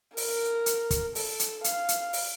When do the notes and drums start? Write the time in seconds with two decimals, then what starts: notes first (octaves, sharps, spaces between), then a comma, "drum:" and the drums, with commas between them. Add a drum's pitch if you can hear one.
0.17 A#4, drum: open hi-hat
0.66 drum: hi-hat
0.90 drum: kick, hi-hat
1.15 A4, drum: open hi-hat
1.40 drum: hi-hat
1.64 F5, drum: hi-hat
1.89 drum: hi-hat
2.13 drum: open hi-hat